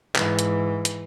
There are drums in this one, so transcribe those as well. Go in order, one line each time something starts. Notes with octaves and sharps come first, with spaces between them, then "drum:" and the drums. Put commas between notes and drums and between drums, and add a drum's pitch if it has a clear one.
G#2 E3, drum: clap
drum: hi-hat
drum: hi-hat